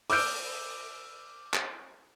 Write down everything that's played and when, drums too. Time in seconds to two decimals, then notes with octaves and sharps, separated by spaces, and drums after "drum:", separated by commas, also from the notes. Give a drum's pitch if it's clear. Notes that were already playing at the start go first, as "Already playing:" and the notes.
0.10 D6 E6 F6 G6 D7, drum: open hi-hat
1.54 drum: clap